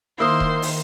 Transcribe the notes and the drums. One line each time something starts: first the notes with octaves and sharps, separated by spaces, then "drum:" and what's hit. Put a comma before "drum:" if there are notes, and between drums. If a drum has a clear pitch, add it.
D#3 A#3 E4 C5 C6 D#6 E6 C7
drum: kick D#1
drum: open hi-hat